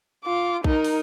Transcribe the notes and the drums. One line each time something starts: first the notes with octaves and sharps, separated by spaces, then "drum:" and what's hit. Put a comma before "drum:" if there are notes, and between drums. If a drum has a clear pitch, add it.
F4 D6
D#4 A#4, drum: kick A#1
drum: open hi-hat